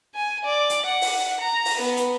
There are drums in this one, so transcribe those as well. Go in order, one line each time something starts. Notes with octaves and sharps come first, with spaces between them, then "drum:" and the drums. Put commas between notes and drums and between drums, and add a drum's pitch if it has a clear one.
G#5
D5
drum: hi-hat
F#5
drum: open hi-hat
A#5
drum: open hi-hat
B3
drum: hi-hat